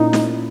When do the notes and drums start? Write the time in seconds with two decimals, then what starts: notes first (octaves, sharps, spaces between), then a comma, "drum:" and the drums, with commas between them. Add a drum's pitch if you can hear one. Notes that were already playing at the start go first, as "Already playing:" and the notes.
Already playing: A#2 A#3 C#4 D#4 E4
0.13 drum: snare